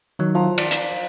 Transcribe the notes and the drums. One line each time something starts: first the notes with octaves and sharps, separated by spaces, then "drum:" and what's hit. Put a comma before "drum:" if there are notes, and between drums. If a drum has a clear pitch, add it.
D#3 F#3 D#4
F3 A#5
D5, drum: cymbal
drum: hi-hat